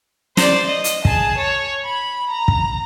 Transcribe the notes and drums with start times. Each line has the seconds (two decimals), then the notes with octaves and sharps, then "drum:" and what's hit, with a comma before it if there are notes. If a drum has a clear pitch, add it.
0.37 C5 D5, drum: snare
0.67 D#5
0.84 drum: hi-hat
1.05 G#4 A5, drum: kick
1.38 C#5
1.85 B5
2.31 A#5
2.48 drum: kick